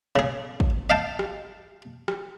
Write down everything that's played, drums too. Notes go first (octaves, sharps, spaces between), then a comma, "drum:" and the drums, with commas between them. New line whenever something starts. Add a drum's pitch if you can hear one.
C#3 G#4
drum: kick
D#5 F5 G5 A5
drum: rim click
drum: rim click